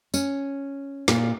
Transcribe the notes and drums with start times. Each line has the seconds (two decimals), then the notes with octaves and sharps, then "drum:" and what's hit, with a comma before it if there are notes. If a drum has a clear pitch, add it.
0.14 C#4, drum: tambourine
1.08 A#2, drum: snare